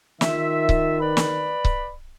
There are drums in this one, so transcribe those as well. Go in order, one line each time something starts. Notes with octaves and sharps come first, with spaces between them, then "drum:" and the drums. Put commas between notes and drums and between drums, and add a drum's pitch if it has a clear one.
D#3 F4 E5, drum: snare
drum: kick C#1
B4 D5 B5
drum: snare
drum: kick C#1